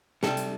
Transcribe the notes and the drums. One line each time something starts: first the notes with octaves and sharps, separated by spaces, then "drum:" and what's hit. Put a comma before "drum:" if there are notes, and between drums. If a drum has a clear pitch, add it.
C3 G3 A4, drum: snare
drum: hi-hat